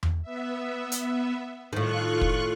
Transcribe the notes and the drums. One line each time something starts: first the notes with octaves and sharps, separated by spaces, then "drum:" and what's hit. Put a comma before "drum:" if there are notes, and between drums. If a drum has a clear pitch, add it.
drum: tom E2
B3 E5
drum: hi-hat
A2 D#3 F4 C#6 F#6
drum: kick